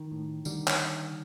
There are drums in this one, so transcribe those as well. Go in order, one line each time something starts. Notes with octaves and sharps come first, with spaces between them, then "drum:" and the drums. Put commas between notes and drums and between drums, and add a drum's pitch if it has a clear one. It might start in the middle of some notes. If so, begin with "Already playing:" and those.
Already playing: D#3
A2
D3 D#3 G3, drum: tambourine
drum: clap